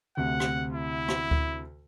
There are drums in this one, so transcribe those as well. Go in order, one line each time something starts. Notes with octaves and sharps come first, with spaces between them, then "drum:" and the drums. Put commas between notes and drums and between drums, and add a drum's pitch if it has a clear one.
D2 C3 F#5
drum: rim click
E4
drum: rim click
drum: kick D2